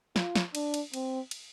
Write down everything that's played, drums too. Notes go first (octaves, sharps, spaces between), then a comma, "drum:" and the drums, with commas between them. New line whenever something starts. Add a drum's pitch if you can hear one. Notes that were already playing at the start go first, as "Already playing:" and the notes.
F4, drum: snare
drum: snare
D4, drum: cymbal
drum: cymbal
C4, drum: cymbal
drum: cymbal